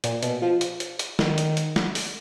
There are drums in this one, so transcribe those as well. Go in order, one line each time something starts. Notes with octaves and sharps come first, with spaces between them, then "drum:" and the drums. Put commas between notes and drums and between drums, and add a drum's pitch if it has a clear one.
A#2, drum: hi-hat
B2, drum: hi-hat
F3
drum: hi-hat
drum: hi-hat
drum: hi-hat
D#3, drum: snare
drum: hi-hat
drum: hi-hat
drum: snare
drum: open hi-hat